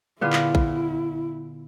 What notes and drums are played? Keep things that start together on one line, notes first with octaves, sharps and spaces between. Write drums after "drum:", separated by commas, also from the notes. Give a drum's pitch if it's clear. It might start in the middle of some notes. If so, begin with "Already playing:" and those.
A#2 D3 B3 E4 F4 G#4 D6
drum: clap
drum: kick A#1